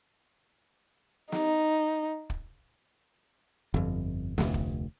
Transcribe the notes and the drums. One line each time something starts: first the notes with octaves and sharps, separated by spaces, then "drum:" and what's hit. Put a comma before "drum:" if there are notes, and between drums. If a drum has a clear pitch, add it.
D#4, drum: snare
drum: kick
G1 F2
F1 D2, drum: snare
drum: kick